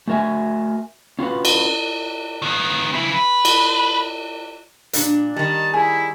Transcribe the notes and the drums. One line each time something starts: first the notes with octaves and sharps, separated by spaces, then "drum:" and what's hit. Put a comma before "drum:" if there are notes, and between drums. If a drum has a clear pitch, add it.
A3 F#4 A#4 E5 G#5
C#4 F4 F#4 B4
drum: cymbal
D#3 B3
C#3 E4
B4
drum: cymbal
A#2 D4, drum: hi-hat
D#3 G3 A5
E4 G#4